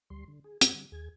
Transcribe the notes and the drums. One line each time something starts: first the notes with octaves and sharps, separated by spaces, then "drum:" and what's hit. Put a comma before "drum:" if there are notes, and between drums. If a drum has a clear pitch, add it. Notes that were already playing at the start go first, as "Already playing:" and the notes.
D2 G3 C6
D3
G#4
G#2, drum: hi-hat
D3 G3
D#2 G#4 G#6